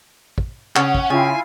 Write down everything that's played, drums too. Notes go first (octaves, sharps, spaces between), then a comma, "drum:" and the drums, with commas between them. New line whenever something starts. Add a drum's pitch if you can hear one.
drum: kick
C#3 C#4 C#5 F#5, drum: clap
drum: kick
C#3 E4 F4 G5 G#5